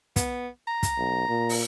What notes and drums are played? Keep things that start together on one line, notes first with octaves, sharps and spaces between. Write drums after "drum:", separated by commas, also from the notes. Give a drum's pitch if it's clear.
B3, drum: kick, hi-hat
A#5
drum: kick, hi-hat
B1
A#2
drum: open hi-hat